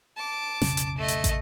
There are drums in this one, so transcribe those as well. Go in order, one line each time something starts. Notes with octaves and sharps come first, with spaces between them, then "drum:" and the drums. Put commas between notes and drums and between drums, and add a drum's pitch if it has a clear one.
A5 D6
F1 B1 C#3, drum: snare
drum: hi-hat
A3 D#5
drum: hi-hat
drum: kick, hi-hat